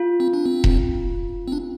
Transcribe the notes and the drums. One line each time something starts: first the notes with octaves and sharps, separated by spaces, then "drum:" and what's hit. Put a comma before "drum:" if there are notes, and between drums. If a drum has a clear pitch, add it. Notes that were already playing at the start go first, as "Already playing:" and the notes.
Already playing: F4
C4
D4
C4
drum: kick E1
C4
D4